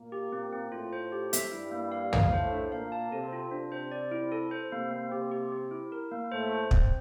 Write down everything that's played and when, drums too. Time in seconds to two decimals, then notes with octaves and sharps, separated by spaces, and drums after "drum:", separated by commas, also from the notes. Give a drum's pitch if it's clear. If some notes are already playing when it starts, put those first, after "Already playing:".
Already playing: A#2 A#3
0.12 G4
0.32 A#2 A#3 C4
0.53 C4
0.72 A2 A3 F4
0.93 C5
1.12 G4
1.33 E5, drum: hi-hat
1.52 G2 G3 E4
1.72 A#3
1.92 F5
2.13 F5, drum: tom
2.32 A2 A3 C5
2.52 D4
2.72 A#2 A#3 F5
2.92 A5
3.12 C3 C4 A4
3.33 F4
3.51 C3 C4 D4
3.72 C5
3.91 D5
4.12 E4
4.32 A4
4.51 C5
4.71 C3 A#3 C4
4.91 A#3
5.11 C3 C4 G4
5.32 G4
5.52 G4
5.71 E4
5.92 A#4
6.11 A#3
6.32 A2 A3 C5
6.52 C5
6.71 C4, drum: kick